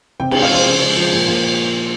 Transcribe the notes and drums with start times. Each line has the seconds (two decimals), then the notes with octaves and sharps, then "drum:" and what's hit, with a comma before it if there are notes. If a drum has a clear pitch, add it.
0.20 C3 G5
0.31 G#3 G5, drum: cymbal
0.42 F5
0.50 F3 C5
0.66 C#3
0.82 G#3
0.97 F3
1.13 A#2
1.28 A#2